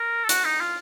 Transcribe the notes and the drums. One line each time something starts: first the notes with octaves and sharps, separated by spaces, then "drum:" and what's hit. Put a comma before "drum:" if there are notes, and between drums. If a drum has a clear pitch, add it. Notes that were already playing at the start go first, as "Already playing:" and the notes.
Already playing: A#4
A4
F#4, drum: hi-hat
D#4
F4